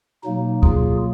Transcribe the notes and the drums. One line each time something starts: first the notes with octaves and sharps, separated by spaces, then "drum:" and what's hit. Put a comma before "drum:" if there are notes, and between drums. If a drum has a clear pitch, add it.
B2 F#3 A#3 D#4
F4 G#4, drum: kick